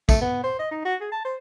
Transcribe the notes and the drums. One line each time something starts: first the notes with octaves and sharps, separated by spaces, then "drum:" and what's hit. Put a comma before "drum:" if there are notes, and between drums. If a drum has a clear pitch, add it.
A3, drum: kick, tambourine
B3
C5
D#5
D#4
F#4
G#4
A5
C5